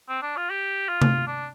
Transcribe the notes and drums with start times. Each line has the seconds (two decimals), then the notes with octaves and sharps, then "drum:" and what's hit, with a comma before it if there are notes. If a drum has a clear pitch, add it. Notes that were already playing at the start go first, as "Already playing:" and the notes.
0.09 C4
0.23 D4
0.37 F4
0.50 G4
0.89 F4
1.02 drum: tom C3
1.27 D4